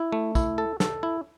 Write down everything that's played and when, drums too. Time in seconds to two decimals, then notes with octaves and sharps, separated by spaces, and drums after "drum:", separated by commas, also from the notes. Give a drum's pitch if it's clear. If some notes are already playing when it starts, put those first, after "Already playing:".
Already playing: E4
0.12 A3
0.35 E4, drum: kick, tambourine
0.58 A4
0.80 A4, drum: snare
1.03 E4